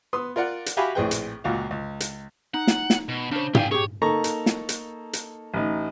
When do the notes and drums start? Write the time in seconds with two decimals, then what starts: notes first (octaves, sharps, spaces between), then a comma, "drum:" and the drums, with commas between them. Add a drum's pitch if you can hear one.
0.13 B3 C6 D#6
0.36 F4 A#4 D5 F#5
0.66 drum: hi-hat
0.77 F#4 G4 E5 F5 G#5 B5
0.95 A#1 A2 C4 G#4 B4 G5
1.11 drum: hi-hat
1.44 C#2 A#2 F#4 F5
1.71 C#2
2.00 drum: hi-hat
2.54 D#4 F#5
2.67 drum: snare
2.90 drum: snare
3.08 B2
3.31 C#3 D4 C5
3.55 G4 D5 F5 G5 G#5, drum: tom
3.71 G4 G#4 C#5
4.02 A#3 D#4 A4 A#5 C#6
4.24 drum: hi-hat
4.46 drum: snare
4.69 drum: hi-hat
5.13 drum: hi-hat
5.54 A1 D#4